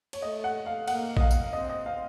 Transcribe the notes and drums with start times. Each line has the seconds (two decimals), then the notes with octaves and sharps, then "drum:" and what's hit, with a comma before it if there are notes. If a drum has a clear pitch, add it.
0.13 C#5, drum: cymbal
0.22 A3 D#5
0.44 F#5
0.66 F5
0.88 A#3 F#5, drum: cymbal
1.17 D#5, drum: kick A#1
1.21 F5
1.31 drum: tambourine
1.53 C4 D#5
1.69 D#5
1.86 F5